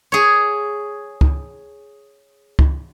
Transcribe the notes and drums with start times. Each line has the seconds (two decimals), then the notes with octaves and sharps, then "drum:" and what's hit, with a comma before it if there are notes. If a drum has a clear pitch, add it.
0.12 G#4 C#5
1.21 drum: kick
2.59 drum: kick